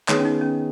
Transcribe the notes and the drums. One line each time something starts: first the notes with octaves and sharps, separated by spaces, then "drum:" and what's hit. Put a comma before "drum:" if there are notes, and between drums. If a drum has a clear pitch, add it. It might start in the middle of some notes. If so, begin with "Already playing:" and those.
D#3 B3 G#4 C#5, drum: clap
C#4
D#4
C#4